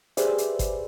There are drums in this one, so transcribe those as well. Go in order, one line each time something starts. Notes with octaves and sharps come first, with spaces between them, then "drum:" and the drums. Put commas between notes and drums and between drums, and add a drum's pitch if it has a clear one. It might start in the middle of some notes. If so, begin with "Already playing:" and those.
G4 G#4 B4 C5 D5 E5, drum: hi-hat
drum: hi-hat
drum: kick G1, hi-hat